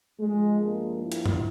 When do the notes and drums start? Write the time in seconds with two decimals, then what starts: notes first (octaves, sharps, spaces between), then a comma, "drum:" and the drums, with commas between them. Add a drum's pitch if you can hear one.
0.19 G2 F3 G#3
0.60 A#3
1.00 E4
1.12 drum: hi-hat
1.26 drum: tom F#2